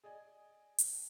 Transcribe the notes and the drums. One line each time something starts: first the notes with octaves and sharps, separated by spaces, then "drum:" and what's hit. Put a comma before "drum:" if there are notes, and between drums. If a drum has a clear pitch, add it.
G#4 D5 D#5 G#5
drum: hi-hat